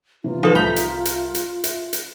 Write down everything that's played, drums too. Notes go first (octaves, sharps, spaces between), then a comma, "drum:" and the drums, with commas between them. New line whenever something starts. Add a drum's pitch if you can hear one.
C3 E3 F4
F3 D#4 A4 B4
C2 E5 A#5 G6 B6
drum: hi-hat
drum: hi-hat
drum: hi-hat
E5, drum: hi-hat
drum: hi-hat